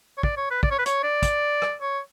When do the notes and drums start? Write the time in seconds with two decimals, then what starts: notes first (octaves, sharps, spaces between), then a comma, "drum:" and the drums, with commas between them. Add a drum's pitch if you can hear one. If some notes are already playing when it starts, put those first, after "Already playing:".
0.17 C#5
0.23 D5, drum: kick
0.37 C#5
0.51 B4
0.63 D5, drum: kick
0.71 C#5
0.78 B4
0.86 C#5, drum: hi-hat
1.03 D5
1.22 drum: kick, hi-hat
1.62 drum: rim click
1.81 C#5